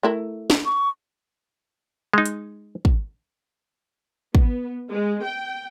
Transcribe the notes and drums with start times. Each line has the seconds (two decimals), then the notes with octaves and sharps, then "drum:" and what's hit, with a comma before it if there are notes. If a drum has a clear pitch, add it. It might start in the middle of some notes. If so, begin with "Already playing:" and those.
0.03 A3 E4 A#4
0.50 drum: snare
0.65 C#6
2.14 G#3 D#4
2.26 drum: hi-hat
2.85 drum: kick
4.35 B3, drum: kick
4.90 G#3
5.23 G5